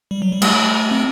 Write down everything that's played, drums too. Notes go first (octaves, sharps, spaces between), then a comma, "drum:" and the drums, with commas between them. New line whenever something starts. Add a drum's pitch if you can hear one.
G3
F#3
G3
A3, drum: cymbal
C4